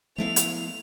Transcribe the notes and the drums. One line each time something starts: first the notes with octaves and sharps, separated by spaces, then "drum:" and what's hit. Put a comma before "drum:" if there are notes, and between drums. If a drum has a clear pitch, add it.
F3 A3 B3 E4 F5 F7
drum: hi-hat